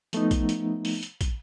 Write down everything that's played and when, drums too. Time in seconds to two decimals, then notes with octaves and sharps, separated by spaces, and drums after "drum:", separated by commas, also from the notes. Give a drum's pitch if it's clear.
0.13 F3 A3 B3 D#4, drum: hi-hat
0.31 drum: kick, hi-hat
0.49 drum: hi-hat
0.85 drum: open hi-hat
1.03 drum: hi-hat
1.21 drum: kick, hi-hat